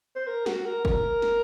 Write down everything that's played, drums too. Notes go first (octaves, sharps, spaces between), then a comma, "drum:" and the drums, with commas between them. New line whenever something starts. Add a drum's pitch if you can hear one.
C5
A#4
F#4, drum: snare
A#4
A#4, drum: kick
drum: snare